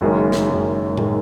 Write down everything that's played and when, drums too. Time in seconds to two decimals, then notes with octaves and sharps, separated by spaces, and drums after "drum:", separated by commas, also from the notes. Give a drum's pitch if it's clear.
0.01 F#1 F#2 D#3 G#3 C#4
0.32 drum: snare
0.49 F#1 F#2 D#3 G#3 C#4
0.97 D#3 G#3 C#4, drum: tom A2